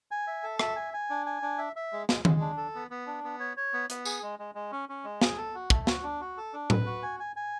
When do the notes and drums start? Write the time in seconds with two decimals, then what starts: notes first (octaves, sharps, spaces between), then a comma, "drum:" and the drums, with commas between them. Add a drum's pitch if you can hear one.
0.11 G#5
0.27 E5
0.43 A4
0.59 E5, drum: rim click
0.76 G#5
0.94 G#5
1.10 D4
1.26 G#5
1.42 D4
1.58 E5
1.76 E5
1.92 G#3
2.09 G#3, drum: snare
2.25 G#3, drum: tom D#3
2.41 D4
2.57 A4
2.75 B3
2.90 B3
3.07 D4
3.24 B3
3.40 C#5
3.57 C#5
3.73 B3
3.90 B3, drum: hi-hat
4.05 G#4, drum: tambourine
4.22 G#3
4.39 G#3
4.55 G#3
4.72 C#4
4.89 C#4
5.04 G#3
5.21 G#4, drum: snare
5.37 A4
5.55 F#4
5.70 A3, drum: kick
5.87 F#4, drum: snare
6.03 D4
6.21 F#4
6.37 A4
6.53 D4
6.70 B4, drum: tom A2
6.86 F#4
7.03 G#5
7.20 G#5
7.36 G#5